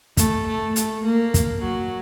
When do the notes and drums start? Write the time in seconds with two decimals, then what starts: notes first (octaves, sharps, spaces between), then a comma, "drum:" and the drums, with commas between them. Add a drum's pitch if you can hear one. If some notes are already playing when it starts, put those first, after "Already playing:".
0.17 A3, drum: kick, hi-hat
0.47 A3
0.76 A3, drum: hi-hat
1.05 A#3
1.34 drum: kick, hi-hat
1.63 F#3